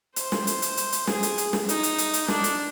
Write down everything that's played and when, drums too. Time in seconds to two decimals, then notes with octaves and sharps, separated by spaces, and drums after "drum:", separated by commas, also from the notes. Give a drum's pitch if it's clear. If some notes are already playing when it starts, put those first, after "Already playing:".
0.16 C5, drum: hi-hat
0.32 drum: snare
0.47 drum: hi-hat
0.62 drum: hi-hat
0.77 drum: hi-hat
0.92 drum: hi-hat
1.07 G#4, drum: snare
1.23 drum: hi-hat
1.38 drum: hi-hat
1.53 drum: snare
1.69 D#4, drum: hi-hat
1.83 drum: hi-hat
1.98 drum: hi-hat
2.14 drum: hi-hat
2.28 D4, drum: snare
2.44 drum: hi-hat